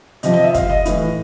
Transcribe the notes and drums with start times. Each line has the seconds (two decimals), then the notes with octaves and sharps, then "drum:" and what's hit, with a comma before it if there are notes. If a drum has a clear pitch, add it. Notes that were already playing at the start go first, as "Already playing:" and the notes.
0.23 C3 F3 D#5, drum: hi-hat
0.34 D#5
0.44 E5
0.54 F5, drum: kick, hi-hat
0.70 D#5
0.85 A2 E3, drum: hi-hat